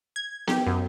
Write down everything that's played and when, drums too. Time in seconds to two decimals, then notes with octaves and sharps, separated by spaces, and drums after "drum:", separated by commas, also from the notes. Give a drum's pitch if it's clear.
0.16 G#6
0.48 G4, drum: snare B3
0.67 F#2